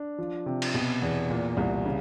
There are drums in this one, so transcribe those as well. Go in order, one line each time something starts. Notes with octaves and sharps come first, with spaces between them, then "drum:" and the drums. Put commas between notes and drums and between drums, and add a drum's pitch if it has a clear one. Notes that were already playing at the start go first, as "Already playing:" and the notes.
Already playing: D4
F3
C3
drum: cymbal
B2
E2
A#2
C2
C#3